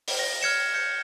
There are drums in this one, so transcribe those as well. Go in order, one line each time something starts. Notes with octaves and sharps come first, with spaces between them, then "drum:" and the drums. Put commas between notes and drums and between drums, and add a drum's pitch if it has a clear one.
drum: open hi-hat
A#6
F6 G#6 C#7 E7
G6 C#7